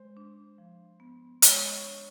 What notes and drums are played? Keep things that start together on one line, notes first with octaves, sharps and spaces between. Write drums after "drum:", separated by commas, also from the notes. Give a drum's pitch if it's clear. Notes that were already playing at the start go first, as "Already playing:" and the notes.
Already playing: G#3 C5
D4
F3
B3
G#3 C#5, drum: hi-hat
D4